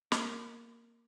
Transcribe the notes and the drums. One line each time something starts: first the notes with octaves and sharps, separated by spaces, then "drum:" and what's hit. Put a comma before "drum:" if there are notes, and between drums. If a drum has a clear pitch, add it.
A#3, drum: snare